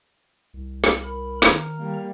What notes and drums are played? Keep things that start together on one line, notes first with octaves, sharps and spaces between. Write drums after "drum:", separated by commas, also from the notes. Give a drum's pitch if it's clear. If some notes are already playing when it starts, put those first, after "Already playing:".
C2
drum: snare
A#4 B5
D#3 A#5 F6, drum: snare
G3 A#3